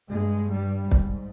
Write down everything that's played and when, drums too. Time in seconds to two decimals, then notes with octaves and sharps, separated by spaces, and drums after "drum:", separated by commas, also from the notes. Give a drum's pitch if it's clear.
0.09 G2 G#3
0.50 G3
0.91 G#2, drum: kick